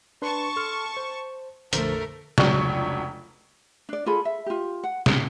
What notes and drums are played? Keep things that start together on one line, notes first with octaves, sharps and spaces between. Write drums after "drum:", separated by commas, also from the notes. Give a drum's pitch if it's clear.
D4 B4 A5 C6 C#6
A4 C6 F6
C5
A#1 F2 D3 A3 A#4 C5, drum: hi-hat
F1 C#2 F#3 D4 C#6, drum: snare
D4 D5
F4 G#4 A4 B5
E5
F4 G4
F#5
D#4, drum: snare